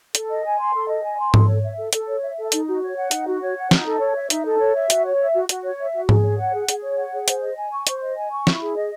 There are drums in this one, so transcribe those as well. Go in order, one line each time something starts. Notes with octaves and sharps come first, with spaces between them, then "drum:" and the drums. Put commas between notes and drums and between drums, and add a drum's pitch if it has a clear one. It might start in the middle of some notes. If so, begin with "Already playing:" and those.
A4, drum: hi-hat
D#5
G#5
C6
A4
D#5
G#5
C6
A4, drum: tom G#2
C#5
E5
A4
A4, drum: hi-hat
C#5
E5
A4
D#4, drum: hi-hat
F#4
C#5
F#5
D#4, drum: hi-hat
F#4
C#5
F#5
D#4, drum: snare
A4
C#5
E5
D#4, drum: hi-hat
A4
C#5
E5
F#4, drum: hi-hat
C#5
E5
F#4
F#4, drum: hi-hat
C#5
E5
F#4
G#4, drum: tom G#2
C#5
F#5
G#4
G#4, drum: hi-hat
C#5
F#5
G#4
C5, drum: hi-hat
D#5
G#5
C#6
C5, drum: hi-hat
D#5
G#5
C#6
E4, drum: snare
G#4
D#5